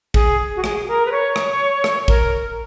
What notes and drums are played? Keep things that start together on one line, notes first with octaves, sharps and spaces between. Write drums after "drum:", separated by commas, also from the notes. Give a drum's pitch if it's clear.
G#4, drum: kick
F#4
G#4, drum: rim click
A#4
B4
C#5
drum: rim click
drum: rim click
A#4, drum: kick